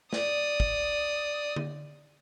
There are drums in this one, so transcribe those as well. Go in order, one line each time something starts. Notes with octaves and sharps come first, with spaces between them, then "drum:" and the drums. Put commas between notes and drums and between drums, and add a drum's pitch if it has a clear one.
D5 D#6, drum: snare
drum: kick
drum: tom D3